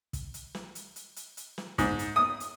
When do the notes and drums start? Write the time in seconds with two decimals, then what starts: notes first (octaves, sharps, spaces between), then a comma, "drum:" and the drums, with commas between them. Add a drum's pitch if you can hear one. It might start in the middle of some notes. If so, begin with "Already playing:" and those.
0.13 drum: kick, hi-hat
0.34 drum: hi-hat
0.55 drum: snare
0.75 drum: hi-hat
0.96 drum: hi-hat
1.16 drum: hi-hat
1.37 drum: hi-hat
1.58 drum: snare
1.78 G#2, drum: kick, hi-hat
1.99 drum: hi-hat
2.16 D#6
2.40 drum: hi-hat